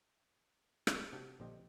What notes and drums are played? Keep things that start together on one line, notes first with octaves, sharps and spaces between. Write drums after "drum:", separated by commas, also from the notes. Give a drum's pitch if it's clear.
drum: rim click
C3 D4 F#4 G4
A#1 D3 C4 G4 D#5